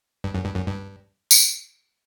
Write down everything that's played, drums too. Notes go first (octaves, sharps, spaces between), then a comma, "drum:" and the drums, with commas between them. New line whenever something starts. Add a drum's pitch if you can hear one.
G2
F#2
G2
F#2
G2
drum: tambourine